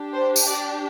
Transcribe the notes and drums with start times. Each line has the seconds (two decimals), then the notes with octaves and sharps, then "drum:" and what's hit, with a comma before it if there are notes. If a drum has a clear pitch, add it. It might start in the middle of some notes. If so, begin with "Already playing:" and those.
Already playing: D4 G4
0.13 C5
0.36 drum: tambourine
0.47 D5